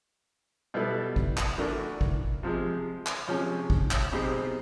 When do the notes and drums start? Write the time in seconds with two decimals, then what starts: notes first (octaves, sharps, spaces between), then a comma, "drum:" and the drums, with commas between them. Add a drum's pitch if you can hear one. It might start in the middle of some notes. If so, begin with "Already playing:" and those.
0.74 B2 G3 B3 E4 A4
1.16 drum: kick
1.37 drum: clap
1.58 E3 A3 D4 F#4 A#4
2.01 drum: kick
2.43 C3 F3 G#3
3.06 drum: clap
3.28 C3 F3 G#3 C#4
3.70 drum: kick
3.91 drum: clap
4.12 B2 G#3 C4 D#4 G4